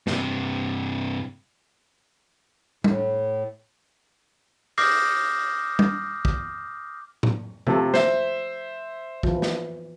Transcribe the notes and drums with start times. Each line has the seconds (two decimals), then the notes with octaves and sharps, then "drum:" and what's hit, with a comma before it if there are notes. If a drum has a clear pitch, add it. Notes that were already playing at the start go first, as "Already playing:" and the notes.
0.07 G2 C3, drum: snare
2.84 A2, drum: tom G3
4.78 D6 D#6 F6 G6 A#6 C7, drum: open hi-hat
5.79 drum: tom G3
6.25 drum: kick
7.23 drum: tom A2
7.67 C3 F3 A3 A4, drum: tom C3
7.94 C5 E5, drum: snare
9.23 E3 F3, drum: kick
9.42 drum: snare